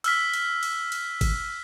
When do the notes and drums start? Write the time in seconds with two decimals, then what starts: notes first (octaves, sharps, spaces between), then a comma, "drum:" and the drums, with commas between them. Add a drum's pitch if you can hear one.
0.04 E6 F6 B6, drum: cymbal
0.33 drum: cymbal
0.63 drum: cymbal
0.92 drum: cymbal
1.21 drum: kick G1, cymbal